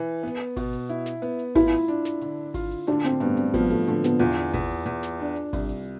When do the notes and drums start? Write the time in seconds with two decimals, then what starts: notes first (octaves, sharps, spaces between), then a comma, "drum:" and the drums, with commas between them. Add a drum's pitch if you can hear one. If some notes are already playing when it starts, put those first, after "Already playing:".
Already playing: E3
0.23 B3
0.40 drum: hi-hat
0.57 B2, drum: kick G#1, open hi-hat
0.73 drum: hi-hat
0.89 E4, drum: hi-hat
1.06 drum: snare
1.22 B3, drum: hi-hat
1.39 drum: hi-hat
1.55 E4 F4, drum: kick G#1, open hi-hat
1.72 drum: hi-hat
1.88 D4, drum: hi-hat
2.05 drum: snare
2.21 D3, drum: hi-hat
2.54 F4, drum: kick G#1, open hi-hat
2.71 drum: hi-hat
2.87 D3 D4, drum: hi-hat
3.05 C4, drum: snare
3.20 G2 B3, drum: hi-hat
3.37 C4, drum: hi-hat
3.54 F3 B3, drum: kick G#1, open hi-hat
3.70 A3, drum: hi-hat
3.88 D3 A3, drum: hi-hat
4.04 B3, drum: snare
4.20 E2 F4, drum: hi-hat
4.37 drum: hi-hat
4.53 E2, drum: kick G#1, open hi-hat
4.86 E2, drum: hi-hat
5.03 drum: snare
5.20 D4
5.36 drum: hi-hat
5.53 C2, drum: kick G#1, open hi-hat
5.69 drum: hi-hat